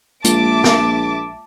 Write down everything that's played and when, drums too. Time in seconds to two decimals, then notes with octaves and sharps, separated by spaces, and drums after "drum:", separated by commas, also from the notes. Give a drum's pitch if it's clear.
0.25 A#1 G#3 A#3 F4 E5 A5 D6, drum: hi-hat
0.64 drum: snare